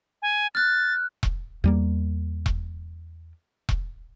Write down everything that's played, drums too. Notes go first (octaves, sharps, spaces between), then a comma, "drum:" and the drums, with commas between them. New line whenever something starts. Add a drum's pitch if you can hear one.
G#5
F6 F#6 A6
drum: kick E1
E2 G3 A#3
drum: kick E1
drum: kick E1